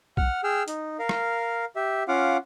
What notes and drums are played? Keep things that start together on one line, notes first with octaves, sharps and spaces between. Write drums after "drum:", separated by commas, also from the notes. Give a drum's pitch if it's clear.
F#5 F6, drum: kick B1
G#4 G5 E6 F6
D#4, drum: hi-hat
A#4 F5
drum: rim click
G4 E5
C#4 F4 F5 F#5 D6